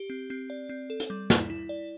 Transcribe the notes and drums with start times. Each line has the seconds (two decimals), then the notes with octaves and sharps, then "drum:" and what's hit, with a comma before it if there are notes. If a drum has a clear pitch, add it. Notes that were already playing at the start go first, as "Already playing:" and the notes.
Already playing: G4
0.10 C4
0.30 C4
0.50 D5
0.69 C4
0.90 A4
1.00 drum: hi-hat
1.10 G3
1.30 E4, drum: snare
1.50 E4
1.69 D5